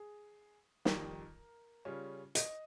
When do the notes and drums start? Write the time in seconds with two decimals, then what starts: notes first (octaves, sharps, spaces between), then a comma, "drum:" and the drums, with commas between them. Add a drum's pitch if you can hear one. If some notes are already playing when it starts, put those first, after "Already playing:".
Already playing: G#4
0.85 F2 D#3 G3 A#4, drum: snare
1.85 C#3 G3 C#4 F4
2.35 D#5, drum: hi-hat